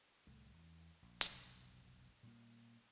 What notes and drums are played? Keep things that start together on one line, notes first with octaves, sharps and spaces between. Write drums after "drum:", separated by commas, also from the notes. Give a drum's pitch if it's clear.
D1 C2 G3 A3
E2
A#1
drum: hi-hat
F1 B1
A#2 G3 A#3